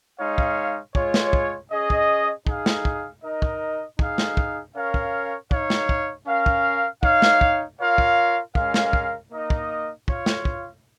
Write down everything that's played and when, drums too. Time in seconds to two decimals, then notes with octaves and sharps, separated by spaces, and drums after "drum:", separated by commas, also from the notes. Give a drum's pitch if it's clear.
0.19 G#3 D#4 C#5 F5
0.38 drum: kick
0.95 G#3 F4 C#5, drum: kick
1.14 drum: snare
1.33 drum: kick
1.71 C#4 G#4 D#5
1.90 drum: kick
2.47 D#4 G#4 F5, drum: kick
2.66 drum: snare
2.85 drum: kick
3.23 D#4 A#4 D#5
3.42 drum: kick
3.99 D#4 G#4 F5, drum: kick
4.18 drum: snare
4.37 drum: kick
4.75 C#4 A#4 C#5 F5
4.94 drum: kick
5.51 D#4 C#5 F5, drum: kick
5.70 drum: snare
5.89 drum: kick
6.27 C#4 A#4 F5
6.46 drum: kick
7.03 D#4 C#5 F5, drum: kick
7.22 drum: snare
7.41 drum: kick
7.79 F4 A#4 C#5 F5
7.98 drum: kick
8.55 G#3 C#4 A#4 F5, drum: kick
8.74 drum: snare
8.93 drum: kick
9.31 A#3 D#4 A#4 D#5
9.50 drum: kick
10.08 F4 C#5 F5, drum: kick
10.26 drum: snare
10.45 drum: kick